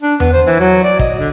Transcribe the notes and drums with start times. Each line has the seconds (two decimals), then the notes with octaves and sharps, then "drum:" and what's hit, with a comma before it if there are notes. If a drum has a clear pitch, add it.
0.02 D4
0.20 B3, drum: tom E2
0.33 C5
0.46 E3
0.59 F#3
0.84 D5
0.99 D#5, drum: kick
1.19 D3